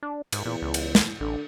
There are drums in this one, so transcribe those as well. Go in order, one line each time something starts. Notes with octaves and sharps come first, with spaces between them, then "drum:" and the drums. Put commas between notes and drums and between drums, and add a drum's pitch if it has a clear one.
D4
G#2, drum: cymbal
E2 A#2
C#2
drum: cymbal
drum: snare
A1 D3